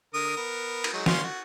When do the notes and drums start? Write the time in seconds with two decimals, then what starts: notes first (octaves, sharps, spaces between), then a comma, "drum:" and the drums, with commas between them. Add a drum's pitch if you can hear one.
0.14 D3 A#4 D#6
0.37 B3 A#4
0.84 drum: cymbal
0.93 F#3 G#3
1.06 C#4 F5 C6, drum: snare
1.23 F#4